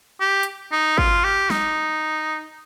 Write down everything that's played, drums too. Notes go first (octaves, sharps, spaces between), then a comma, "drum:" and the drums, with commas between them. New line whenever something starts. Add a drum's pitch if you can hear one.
G4
drum: hi-hat
D#4
F4, drum: kick
G4
D#4, drum: snare